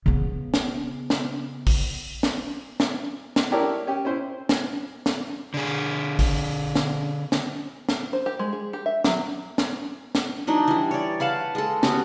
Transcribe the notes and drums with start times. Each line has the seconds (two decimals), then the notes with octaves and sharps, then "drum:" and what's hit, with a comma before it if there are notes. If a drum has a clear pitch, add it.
0.06 C#3 B3
0.54 drum: snare
1.10 drum: snare
1.67 drum: kick, open hi-hat
2.23 drum: snare
2.80 drum: snare
3.36 drum: snare
3.52 E4 G4 A4 A#4 C#5 D5
3.87 C#4 G4
4.05 C#4 E4 C5
4.49 drum: snare
5.06 drum: snare
5.54 D3 G#4
6.19 drum: kick, open hi-hat
6.75 drum: snare
7.32 drum: snare
7.89 drum: snare
8.13 C5
8.26 G4
8.39 G#3
8.53 G#4
8.73 G4
8.86 E5
9.04 F#3, drum: snare
9.58 drum: snare
10.15 drum: snare
10.47 E3 F#3 D4 D#4
10.68 E3 G3
10.91 C#5 D5
11.20 B4 F5 F#5 A5
11.55 G#3 A4
11.83 B3 C#4 F#4 G4, drum: snare